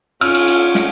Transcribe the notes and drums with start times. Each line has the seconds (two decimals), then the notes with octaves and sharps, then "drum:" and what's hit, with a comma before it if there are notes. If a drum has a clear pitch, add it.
0.21 C#4 F4 F6, drum: cymbal
0.35 drum: cymbal
0.48 drum: cymbal
0.75 drum: snare